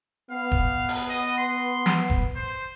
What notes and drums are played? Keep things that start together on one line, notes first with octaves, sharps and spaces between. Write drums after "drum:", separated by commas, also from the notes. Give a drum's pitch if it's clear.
B3 F5
drum: kick E1
drum: open hi-hat
D#5
C6
drum: snare
drum: kick E1
C5